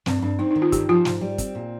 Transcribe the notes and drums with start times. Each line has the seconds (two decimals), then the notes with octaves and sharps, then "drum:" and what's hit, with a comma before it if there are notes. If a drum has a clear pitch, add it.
0.06 G2 C4, drum: snare
0.22 G2 D4
0.39 C4 D#4
0.51 D#4
0.56 D#3
0.62 F4
0.72 G2 G4, drum: kick, hi-hat
0.89 F3 F4
1.05 G#2, drum: snare
1.21 G3
1.38 C4, drum: kick, hi-hat
1.55 A#2